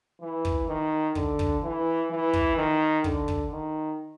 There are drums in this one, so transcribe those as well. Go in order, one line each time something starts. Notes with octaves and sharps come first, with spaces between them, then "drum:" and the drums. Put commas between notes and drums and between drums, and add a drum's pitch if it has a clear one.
E3
drum: kick
D#3
D3, drum: kick
drum: kick
E3
E3
drum: kick
D#3
D3, drum: kick
drum: kick
D#3